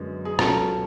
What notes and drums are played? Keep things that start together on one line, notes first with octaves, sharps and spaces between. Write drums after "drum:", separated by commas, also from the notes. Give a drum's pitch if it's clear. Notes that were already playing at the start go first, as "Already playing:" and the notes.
Already playing: F#2 D3 G#3 B3
G#4
C#2 B2 F#3 C#4 A4, drum: rim click